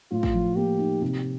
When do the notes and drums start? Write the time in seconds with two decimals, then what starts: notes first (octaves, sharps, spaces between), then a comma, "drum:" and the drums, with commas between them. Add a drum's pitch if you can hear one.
0.11 A2 F4
0.23 drum: kick
0.34 F3
0.56 A#3 G4
0.79 D#4
1.02 C3